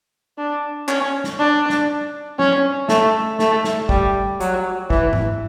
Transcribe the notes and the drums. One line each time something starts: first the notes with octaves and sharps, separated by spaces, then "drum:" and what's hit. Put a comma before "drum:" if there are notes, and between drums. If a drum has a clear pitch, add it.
D4
C#4, drum: clap
drum: snare
D4
drum: snare
C#4, drum: tom F#3
A3, drum: snare
A3, drum: snare
drum: snare
G3, drum: kick
F#3, drum: hi-hat
E3, drum: kick
drum: tom G#2